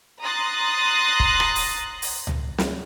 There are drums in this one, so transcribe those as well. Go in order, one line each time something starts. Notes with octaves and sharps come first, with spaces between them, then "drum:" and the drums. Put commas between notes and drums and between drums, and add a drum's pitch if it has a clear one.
A#5 C6 D#6 F#6 A6 A#6
drum: kick
drum: rim click
drum: open hi-hat
drum: open hi-hat
drum: tom C#2
drum: snare